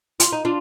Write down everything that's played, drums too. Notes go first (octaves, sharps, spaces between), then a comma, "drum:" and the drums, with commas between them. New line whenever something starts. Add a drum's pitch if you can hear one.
F4, drum: hi-hat
D#4
D4 F4